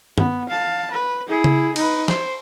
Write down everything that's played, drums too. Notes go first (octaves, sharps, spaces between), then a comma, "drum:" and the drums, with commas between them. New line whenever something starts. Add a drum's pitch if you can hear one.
B3, drum: tom G2
F5 A5
B4
E4 G#4
drum: tom C#3
D#4 B4, drum: cymbal
C5, drum: snare